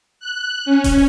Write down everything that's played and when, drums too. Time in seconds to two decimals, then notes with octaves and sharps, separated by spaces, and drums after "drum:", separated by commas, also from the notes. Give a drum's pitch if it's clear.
0.20 F#6
0.65 C#4
0.84 drum: kick D#1, open hi-hat